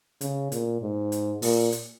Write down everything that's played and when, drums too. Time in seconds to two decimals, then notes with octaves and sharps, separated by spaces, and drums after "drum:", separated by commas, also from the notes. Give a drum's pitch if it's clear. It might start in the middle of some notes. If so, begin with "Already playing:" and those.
0.21 C#3, drum: hi-hat
0.52 A#2, drum: hi-hat
0.82 G#2
1.12 drum: hi-hat
1.42 A#2, drum: open hi-hat
1.72 drum: hi-hat